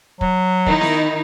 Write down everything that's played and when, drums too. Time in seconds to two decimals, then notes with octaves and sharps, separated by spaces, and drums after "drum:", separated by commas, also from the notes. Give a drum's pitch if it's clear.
0.21 F#3, drum: kick
0.66 D#3 D#4 E4, drum: kick
0.81 drum: snare B3